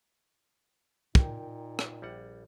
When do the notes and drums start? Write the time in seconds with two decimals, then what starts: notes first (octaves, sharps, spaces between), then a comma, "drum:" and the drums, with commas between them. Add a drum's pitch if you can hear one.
1.15 A#2 D#4 A#4 G5, drum: kick
1.79 drum: rim click
2.02 A#1 G3 F#5